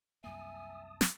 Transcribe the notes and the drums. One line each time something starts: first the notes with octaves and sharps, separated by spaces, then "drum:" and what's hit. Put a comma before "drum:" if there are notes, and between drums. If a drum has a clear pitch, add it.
C2 F#2 A#3 E5 G#5 A5 D#6
drum: snare